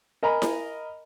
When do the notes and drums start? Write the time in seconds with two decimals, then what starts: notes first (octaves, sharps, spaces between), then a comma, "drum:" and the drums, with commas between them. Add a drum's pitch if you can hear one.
0.23 A#4 D#5 G#5 A#5 B5
0.42 drum: snare E4